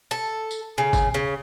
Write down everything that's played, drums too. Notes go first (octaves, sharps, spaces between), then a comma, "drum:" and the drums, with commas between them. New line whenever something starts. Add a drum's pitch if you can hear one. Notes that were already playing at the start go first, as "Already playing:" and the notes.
A4
drum: tambourine
C#3
drum: kick, tambourine
C#3